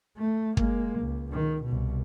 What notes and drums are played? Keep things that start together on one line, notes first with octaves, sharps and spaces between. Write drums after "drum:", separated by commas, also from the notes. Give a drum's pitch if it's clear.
A3
G#3 A#3, drum: kick
C#2
D#3
C2 B2